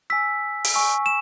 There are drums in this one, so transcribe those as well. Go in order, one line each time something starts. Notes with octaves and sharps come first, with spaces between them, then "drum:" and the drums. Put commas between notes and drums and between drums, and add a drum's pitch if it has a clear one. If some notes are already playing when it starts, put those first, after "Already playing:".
G#5 E6 B6
drum: open hi-hat
G#5 C#6 E6
E7